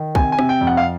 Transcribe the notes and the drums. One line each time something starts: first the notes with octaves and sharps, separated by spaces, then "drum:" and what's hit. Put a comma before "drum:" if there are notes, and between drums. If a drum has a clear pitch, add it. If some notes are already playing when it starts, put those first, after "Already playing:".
Already playing: D#3
C3 G#5, drum: kick
G#5
C3, drum: rim click
G5
F2
F#5
F5